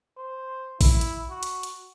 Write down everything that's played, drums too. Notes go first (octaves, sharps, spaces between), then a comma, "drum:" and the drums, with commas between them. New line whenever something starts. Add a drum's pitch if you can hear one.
C5
E4, drum: kick A1, open hi-hat
drum: hi-hat
F#4
drum: hi-hat
drum: hi-hat